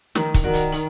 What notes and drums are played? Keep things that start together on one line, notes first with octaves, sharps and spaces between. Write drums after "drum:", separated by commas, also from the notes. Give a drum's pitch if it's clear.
D#3 D#4, drum: snare
drum: kick, hi-hat
D#3 F#4 A#4 D5 F#5
drum: hi-hat
D#4, drum: hi-hat